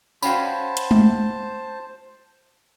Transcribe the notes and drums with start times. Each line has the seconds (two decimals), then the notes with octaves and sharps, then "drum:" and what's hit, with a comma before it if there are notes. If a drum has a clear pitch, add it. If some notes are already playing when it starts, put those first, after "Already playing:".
0.22 C#4 F#4 C5 F5 G5 A5 B5, drum: tambourine
0.77 drum: hi-hat
0.91 drum: tom G#3